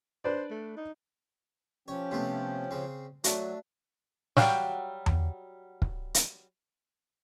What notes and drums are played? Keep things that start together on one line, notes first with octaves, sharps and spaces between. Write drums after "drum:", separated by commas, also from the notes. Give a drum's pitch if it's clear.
D4 B4 C5 D5
A3
D#4
F3 C#4 G4 C#5
C3 A3 B3
C#3 C4
F#3 A3 D4 F#4, drum: hi-hat
F#3 G3 F#4 F5 G5, drum: snare
drum: tom E2
drum: kick
drum: hi-hat